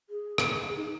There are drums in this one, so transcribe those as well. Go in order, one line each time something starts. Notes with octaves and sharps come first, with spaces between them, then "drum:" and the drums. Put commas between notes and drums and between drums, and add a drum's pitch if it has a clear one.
G#4
drum: rim click
G#4
D#4